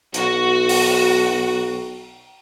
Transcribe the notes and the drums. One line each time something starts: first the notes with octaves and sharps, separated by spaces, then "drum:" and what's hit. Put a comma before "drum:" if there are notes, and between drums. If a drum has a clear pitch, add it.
B1 F#4, drum: hi-hat
drum: open hi-hat